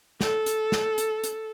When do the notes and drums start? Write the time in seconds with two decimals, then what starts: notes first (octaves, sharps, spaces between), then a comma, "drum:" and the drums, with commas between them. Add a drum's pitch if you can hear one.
0.21 A4, drum: snare
0.46 drum: hi-hat
0.72 drum: snare
0.98 drum: hi-hat
1.24 drum: hi-hat